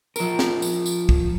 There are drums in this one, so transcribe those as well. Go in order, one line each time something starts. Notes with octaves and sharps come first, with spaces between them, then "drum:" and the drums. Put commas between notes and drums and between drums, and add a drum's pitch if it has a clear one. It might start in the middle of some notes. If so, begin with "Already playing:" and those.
F3 A#4, drum: tambourine
drum: snare
drum: tambourine
drum: tambourine
drum: kick